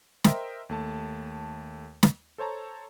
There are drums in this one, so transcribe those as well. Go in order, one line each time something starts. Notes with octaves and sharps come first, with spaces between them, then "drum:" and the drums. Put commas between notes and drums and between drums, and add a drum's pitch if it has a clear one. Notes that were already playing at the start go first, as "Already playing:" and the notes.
A#4 C5 D#5 E5 G5 C6, drum: snare
D#2 A3 A5
drum: snare
A4 C5 C#5 A5 A#5